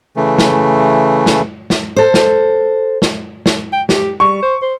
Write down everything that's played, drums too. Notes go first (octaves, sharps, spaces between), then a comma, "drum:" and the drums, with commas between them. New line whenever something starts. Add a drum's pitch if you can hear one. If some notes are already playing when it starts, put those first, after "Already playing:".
C#3 E3 A3
drum: snare
drum: snare
drum: snare
A4 C5
drum: snare
drum: snare
drum: snare
G5
G4, drum: snare
G3 C#6
C5
C5